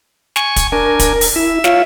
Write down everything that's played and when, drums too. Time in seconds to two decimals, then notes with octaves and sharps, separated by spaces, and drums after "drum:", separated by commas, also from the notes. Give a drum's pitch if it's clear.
0.36 G#5 C#6, drum: snare
0.56 drum: kick, hi-hat
0.72 D4 A#4 G#5
0.99 drum: kick, hi-hat
1.21 drum: open hi-hat
1.36 E4 E5
1.64 F4 C#5 F5, drum: snare